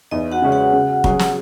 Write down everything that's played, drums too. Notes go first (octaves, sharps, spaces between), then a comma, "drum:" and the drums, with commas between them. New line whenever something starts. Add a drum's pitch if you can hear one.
E2 D#4 D#5
F#4 F#5
C#3 G#3 C#4 G#4
F#4 F#5
C#3
F#3 C#4 G#4, drum: kick
drum: snare